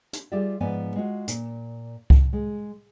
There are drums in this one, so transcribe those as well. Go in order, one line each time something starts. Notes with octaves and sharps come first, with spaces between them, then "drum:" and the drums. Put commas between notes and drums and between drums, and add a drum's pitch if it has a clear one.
drum: hi-hat
G3 F4 G4 G#4 D5 E5
G#2 F3 B3 B4 D5 G#5
G#3 F4 F#4
A#2, drum: hi-hat
drum: kick C2
G#3